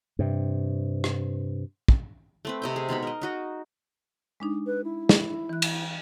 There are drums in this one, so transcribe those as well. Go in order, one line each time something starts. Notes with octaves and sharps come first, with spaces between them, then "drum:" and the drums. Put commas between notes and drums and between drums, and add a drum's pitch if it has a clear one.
G2 C3
drum: rim click
drum: kick
A3 C4 B4
C3 D#5 G5
G#4
B2 G#3 D#4 B5
A#4 D#5
D#4 F#4 D#5
G#3 D4 D#4
B4
E4
drum: snare
E3 F#6
drum: cymbal